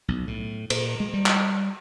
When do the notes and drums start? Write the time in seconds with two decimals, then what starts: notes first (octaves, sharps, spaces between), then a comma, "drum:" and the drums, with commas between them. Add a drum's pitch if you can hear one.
0.08 B1
0.27 A2
0.70 A#2, drum: cymbal
1.00 G#3
1.14 G3
1.26 drum: clap